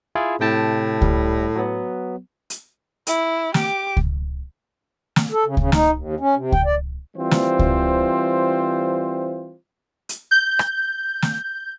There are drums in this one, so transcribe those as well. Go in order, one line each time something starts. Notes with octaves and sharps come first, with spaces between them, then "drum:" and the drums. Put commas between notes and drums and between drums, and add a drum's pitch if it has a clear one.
E4 F4 G#4
A2 C3 G5 A5
G3, drum: kick C#2
F#3 B3
drum: hi-hat
E4, drum: hi-hat
G4 D6, drum: snare
drum: kick C#2
drum: snare
A4
C#3
C#3, drum: kick C#2
D#4, drum: snare
D#2
C#4
C3
G5, drum: kick C#2
D5
E3 G3 C4 F4 C5
drum: snare
drum: kick C#2
drum: hi-hat
G6
drum: rim click
drum: snare